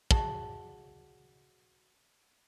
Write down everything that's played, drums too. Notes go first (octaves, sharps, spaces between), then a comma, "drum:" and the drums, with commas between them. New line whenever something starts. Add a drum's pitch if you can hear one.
F#4 G#4 A5, drum: kick